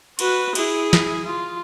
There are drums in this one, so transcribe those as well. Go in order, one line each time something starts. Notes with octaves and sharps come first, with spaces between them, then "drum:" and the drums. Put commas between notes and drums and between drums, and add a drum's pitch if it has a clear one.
F#4 B4, drum: cymbal
E4 G#4, drum: cymbal
drum: snare
F4